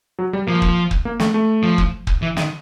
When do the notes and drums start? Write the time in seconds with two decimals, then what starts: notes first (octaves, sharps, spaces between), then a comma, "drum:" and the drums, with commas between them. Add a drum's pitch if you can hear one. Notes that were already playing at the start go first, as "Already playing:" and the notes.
0.19 F#3
0.33 G3
0.47 F3 A#3
0.62 drum: kick
0.91 drum: kick
1.05 A#3
1.20 A3, drum: snare
1.34 A3
1.63 F3
1.78 drum: kick
2.07 drum: kick
2.22 E3
2.37 D#3, drum: snare